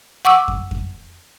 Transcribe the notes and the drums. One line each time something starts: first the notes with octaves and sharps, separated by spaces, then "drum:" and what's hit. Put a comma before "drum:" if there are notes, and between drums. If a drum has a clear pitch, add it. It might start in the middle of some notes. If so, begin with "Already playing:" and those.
F#5 C#6 D6 E6
drum: kick F2
drum: kick F2